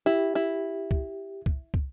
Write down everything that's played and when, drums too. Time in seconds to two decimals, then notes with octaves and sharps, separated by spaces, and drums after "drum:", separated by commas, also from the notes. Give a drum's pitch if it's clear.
0.06 E4 G4
0.35 E4
0.91 drum: kick
1.46 drum: kick
1.74 drum: kick